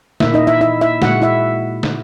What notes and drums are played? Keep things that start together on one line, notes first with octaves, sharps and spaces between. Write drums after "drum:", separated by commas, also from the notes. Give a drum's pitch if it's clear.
A#2 A#3 E4 E5, drum: snare
D#4 D#5
E4 E5
E4 E5
E4 E5
A#2 G#3 F#4 F#5, drum: snare
E4 E5
drum: snare